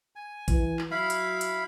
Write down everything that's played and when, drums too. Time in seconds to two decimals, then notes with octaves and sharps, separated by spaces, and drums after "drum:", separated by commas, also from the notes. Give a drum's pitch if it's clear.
0.16 G#5
0.48 E3, drum: kick, hi-hat
0.79 drum: clap
0.91 F#3 E4 F5 B5
1.10 drum: hi-hat
1.41 drum: hi-hat